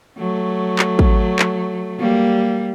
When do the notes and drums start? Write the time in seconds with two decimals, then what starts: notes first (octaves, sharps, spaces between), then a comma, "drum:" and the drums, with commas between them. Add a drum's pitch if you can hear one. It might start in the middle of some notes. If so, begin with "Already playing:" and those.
0.18 F#3 A3
0.79 drum: clap
0.99 drum: kick
1.39 drum: clap
1.99 G3 A#3